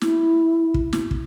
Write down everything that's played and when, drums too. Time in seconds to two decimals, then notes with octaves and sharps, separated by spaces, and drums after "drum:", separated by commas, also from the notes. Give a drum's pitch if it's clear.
0.01 E4, drum: snare
0.74 drum: kick
0.93 drum: snare
1.11 drum: kick